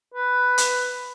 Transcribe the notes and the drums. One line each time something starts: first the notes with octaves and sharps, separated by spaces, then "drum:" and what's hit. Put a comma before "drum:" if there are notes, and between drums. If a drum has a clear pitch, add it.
B4
drum: hi-hat